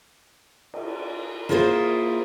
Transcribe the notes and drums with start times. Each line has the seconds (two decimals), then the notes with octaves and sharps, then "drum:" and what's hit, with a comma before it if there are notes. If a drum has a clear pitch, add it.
0.74 drum: cymbal
1.49 A#3 E4 F4 G#4 B4 C5